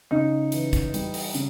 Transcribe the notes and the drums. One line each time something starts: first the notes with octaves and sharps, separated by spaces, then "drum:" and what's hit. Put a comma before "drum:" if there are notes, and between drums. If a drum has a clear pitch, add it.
C#3 D#4
E3, drum: hi-hat
drum: kick, hi-hat
G3, drum: hi-hat
drum: open hi-hat
C#3, drum: hi-hat